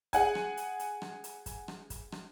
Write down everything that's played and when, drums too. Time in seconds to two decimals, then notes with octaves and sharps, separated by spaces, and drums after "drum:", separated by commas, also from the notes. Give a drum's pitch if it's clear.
0.13 G#4 F#5 G#5, drum: kick, hi-hat
0.35 drum: rim click
0.57 drum: hi-hat
0.79 drum: hi-hat
1.02 drum: rim click
1.24 drum: hi-hat
1.46 drum: kick, hi-hat
1.68 drum: rim click
1.90 drum: kick, hi-hat
2.12 drum: rim click